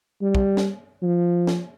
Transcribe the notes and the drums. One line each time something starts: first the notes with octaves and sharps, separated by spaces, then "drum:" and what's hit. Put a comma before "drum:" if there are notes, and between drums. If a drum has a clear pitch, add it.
G3
drum: kick
drum: snare
F3
drum: snare